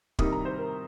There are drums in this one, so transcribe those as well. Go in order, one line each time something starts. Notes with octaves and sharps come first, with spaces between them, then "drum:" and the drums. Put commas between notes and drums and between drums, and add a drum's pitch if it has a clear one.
C3 D#3 G3 D#4 D#6, drum: kick
A#5
C5
A#4